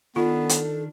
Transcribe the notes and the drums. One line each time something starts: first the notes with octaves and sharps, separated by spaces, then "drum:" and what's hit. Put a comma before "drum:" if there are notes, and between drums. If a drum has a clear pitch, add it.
D#3 B3 D4 F4 A4
drum: hi-hat